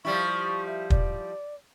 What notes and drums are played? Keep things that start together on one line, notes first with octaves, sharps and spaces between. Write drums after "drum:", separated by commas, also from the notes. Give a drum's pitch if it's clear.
F3 G3 E4 C#6
E5
D5, drum: kick